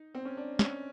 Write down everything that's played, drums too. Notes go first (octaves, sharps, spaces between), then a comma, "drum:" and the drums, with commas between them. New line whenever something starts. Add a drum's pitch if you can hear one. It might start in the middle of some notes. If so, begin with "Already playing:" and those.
Already playing: D#4
C4
C#4
D4
C#4, drum: snare